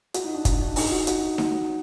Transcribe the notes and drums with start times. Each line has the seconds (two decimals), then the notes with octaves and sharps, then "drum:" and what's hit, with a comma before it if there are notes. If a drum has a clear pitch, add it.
0.14 F#4, drum: hi-hat
0.24 D#4
0.35 D4
0.45 D#4, drum: kick, hi-hat
0.61 D4
0.76 D#4, drum: open hi-hat
0.92 F#4
1.07 F#4, drum: hi-hat
1.38 drum: snare D#4